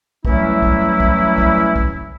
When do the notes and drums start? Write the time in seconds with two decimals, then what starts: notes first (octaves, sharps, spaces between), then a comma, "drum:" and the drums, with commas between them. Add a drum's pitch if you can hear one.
0.25 E3 F#3 G3 A3 C#4 E4, drum: kick
0.62 drum: kick
1.00 drum: kick
1.38 drum: kick
1.76 drum: kick